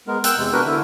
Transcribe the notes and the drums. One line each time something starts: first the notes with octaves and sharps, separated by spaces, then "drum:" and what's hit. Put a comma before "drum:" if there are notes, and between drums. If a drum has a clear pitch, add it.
G#3 B3 A#4
G5 E6 F#6, drum: hi-hat
E2 C3 G#3
B3 D4 F#4 A#4 B4
D3 E4